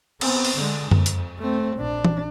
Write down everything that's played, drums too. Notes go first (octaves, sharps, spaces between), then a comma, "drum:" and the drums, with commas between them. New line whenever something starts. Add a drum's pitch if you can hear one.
B3 C4, drum: cymbal
drum: open hi-hat
D3 G#3
F2, drum: tom F#2
drum: hi-hat
A3 C4
A#1 D4
drum: tom E3